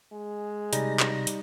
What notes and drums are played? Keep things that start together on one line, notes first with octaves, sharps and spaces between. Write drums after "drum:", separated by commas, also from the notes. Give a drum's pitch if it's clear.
G#3
C3 G3 D#4 A#6, drum: hi-hat
drum: clap
drum: hi-hat